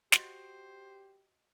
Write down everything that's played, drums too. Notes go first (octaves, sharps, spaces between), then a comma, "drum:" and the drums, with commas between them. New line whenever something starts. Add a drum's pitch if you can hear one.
F#4 G4 C5 D#5 F#5 C6 F#6, drum: snare